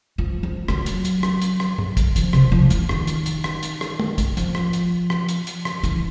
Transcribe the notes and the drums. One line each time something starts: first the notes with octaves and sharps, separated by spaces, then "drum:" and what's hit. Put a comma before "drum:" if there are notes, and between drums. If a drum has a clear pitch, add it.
F3
F3
F#3, drum: rim click
drum: hi-hat
drum: hi-hat
drum: rim click
drum: hi-hat
drum: rim click
drum: tom
drum: kick, hi-hat
F3, drum: hi-hat
C3, drum: rim click
F3
E3, drum: hi-hat
D#3, drum: rim click
drum: hi-hat
drum: hi-hat
drum: rim click
drum: hi-hat
drum: rim click
drum: tom
drum: kick, hi-hat
F3, drum: hi-hat
drum: rim click
drum: hi-hat
drum: rim click
drum: hi-hat
drum: hi-hat
drum: rim click
E3, drum: hi-hat